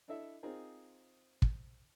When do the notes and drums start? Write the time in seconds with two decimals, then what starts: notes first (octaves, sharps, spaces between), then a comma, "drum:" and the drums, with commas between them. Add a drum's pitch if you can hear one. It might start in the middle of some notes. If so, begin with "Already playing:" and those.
0.08 D4 E4 A4 D#5 E5
0.43 C4 D#4 F4 G#4 A#4
1.42 drum: kick